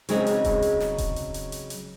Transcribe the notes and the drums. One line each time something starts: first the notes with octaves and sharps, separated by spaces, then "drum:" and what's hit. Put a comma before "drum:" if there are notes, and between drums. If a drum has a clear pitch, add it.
C#3 F#3 G#3 C4 D#4 G#4, drum: hi-hat
drum: hi-hat
drum: kick D#1, hi-hat
drum: hi-hat
drum: snare
drum: kick D#1, hi-hat
drum: hi-hat
drum: hi-hat
drum: hi-hat
drum: hi-hat